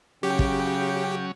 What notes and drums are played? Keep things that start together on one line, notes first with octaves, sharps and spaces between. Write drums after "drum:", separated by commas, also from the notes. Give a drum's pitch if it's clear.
C#3 F#3 C#4 G4 G5
drum: kick